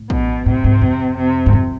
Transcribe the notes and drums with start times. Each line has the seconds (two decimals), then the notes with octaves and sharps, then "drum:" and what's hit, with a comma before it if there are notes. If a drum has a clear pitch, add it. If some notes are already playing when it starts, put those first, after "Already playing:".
Already playing: A2
0.10 B2, drum: kick A#1
0.46 A2 C3
0.64 G#2
0.81 F2
1.17 C3
1.46 G#2
1.53 F2